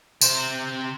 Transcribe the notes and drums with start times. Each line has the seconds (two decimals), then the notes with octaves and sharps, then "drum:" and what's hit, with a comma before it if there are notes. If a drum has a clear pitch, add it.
0.21 C3 C5, drum: tambourine